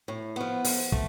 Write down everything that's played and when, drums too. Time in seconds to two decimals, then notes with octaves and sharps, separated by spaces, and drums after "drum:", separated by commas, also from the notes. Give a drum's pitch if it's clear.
0.08 A2
0.36 F3 B3
0.65 F3, drum: open hi-hat
0.92 A3, drum: kick